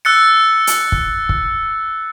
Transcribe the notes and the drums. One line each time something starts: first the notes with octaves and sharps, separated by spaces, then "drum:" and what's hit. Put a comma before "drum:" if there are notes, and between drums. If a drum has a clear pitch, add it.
E6 F#6 A6 C#7
drum: hi-hat
drum: kick
drum: kick